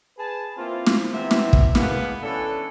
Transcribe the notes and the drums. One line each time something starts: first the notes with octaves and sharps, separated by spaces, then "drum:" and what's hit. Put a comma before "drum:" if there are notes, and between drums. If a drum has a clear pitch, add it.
G#4 B4 A5
A#3 C4 E4 F4
drum: snare
C3 E3 B3 E5
drum: snare
drum: kick
B2 G#3 A#3 B3, drum: snare
E3 C#4 D4 A4